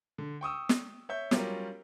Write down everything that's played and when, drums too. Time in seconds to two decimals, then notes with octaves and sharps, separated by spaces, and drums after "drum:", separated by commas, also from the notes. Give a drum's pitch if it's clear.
0.18 D3
0.41 G5 C#6 D#6 E6
0.69 drum: snare
1.09 C#5 E5 G6
1.31 F#3 G3 C#4 F4 G4 A#4, drum: snare